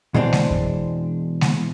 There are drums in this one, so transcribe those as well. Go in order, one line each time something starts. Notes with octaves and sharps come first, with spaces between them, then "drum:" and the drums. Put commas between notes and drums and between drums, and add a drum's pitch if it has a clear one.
B2 E3 G#3 C4 D4
drum: snare G#3
drum: kick F2
drum: snare G#3